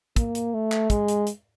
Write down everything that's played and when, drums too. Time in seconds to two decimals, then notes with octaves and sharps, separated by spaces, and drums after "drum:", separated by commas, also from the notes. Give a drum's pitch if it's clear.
0.16 A#3, drum: kick, hi-hat
0.35 drum: hi-hat
0.54 A3
0.72 drum: clap
0.90 G#3, drum: kick, hi-hat
1.08 drum: hi-hat
1.27 drum: hi-hat